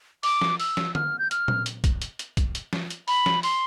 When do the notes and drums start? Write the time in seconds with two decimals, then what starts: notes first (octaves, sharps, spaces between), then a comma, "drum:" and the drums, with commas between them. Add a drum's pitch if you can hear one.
0.23 D6, drum: open hi-hat
0.41 drum: snare
0.60 E6, drum: open hi-hat
0.77 drum: snare
0.95 F6, drum: tom D3
1.19 G6
1.31 F6, drum: hi-hat
1.48 drum: tom A#2
1.66 drum: hi-hat
1.84 drum: kick, hi-hat
2.02 drum: hi-hat
2.19 drum: hi-hat
2.37 drum: kick, hi-hat
2.55 drum: hi-hat
2.73 drum: snare
2.90 drum: hi-hat
3.08 B5, drum: open hi-hat
3.26 drum: snare
3.43 C6, drum: open hi-hat